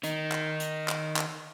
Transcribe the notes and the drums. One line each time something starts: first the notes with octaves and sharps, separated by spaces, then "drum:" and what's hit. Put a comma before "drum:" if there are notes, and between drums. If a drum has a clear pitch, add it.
D#3 D#4, drum: hi-hat
drum: clap
drum: hi-hat
drum: clap
drum: clap